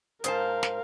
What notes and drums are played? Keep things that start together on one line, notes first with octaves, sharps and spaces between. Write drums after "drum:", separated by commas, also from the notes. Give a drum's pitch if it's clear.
G#2 A#4 C5 F5 A5, drum: hi-hat
drum: snare